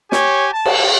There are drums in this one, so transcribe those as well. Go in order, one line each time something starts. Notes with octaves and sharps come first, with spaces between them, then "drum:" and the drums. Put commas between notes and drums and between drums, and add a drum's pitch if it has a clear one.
G4 C#5 G#5, drum: snare
A5
drum: cymbal